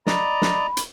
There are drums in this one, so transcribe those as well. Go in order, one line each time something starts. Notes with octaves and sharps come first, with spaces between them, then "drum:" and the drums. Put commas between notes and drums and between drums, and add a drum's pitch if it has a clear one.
D5 D#5 A#5 B5, drum: snare
drum: snare
drum: hi-hat